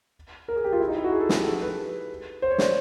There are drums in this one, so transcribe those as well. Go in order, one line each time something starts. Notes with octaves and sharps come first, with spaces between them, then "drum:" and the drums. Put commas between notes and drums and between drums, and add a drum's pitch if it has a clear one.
A#4
G#4
G4
F4
E4
D#4
E4
F#4
G#4
A4
G#4, drum: snare
G4
A4
B4
C5
C#5
D5, drum: snare